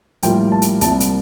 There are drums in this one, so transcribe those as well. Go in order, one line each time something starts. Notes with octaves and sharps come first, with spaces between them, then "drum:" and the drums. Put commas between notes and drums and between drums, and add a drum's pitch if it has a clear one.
A#1 A2 G3 A#3 F4 G5, drum: hi-hat
A5
drum: hi-hat
C2 C3 G3 A#3 A5, drum: hi-hat
drum: hi-hat